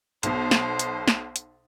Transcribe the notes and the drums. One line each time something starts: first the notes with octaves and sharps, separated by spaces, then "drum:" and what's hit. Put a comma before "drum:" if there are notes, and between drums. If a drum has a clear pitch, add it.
B1 B2 C5, drum: hi-hat
drum: snare
drum: hi-hat
drum: snare
drum: hi-hat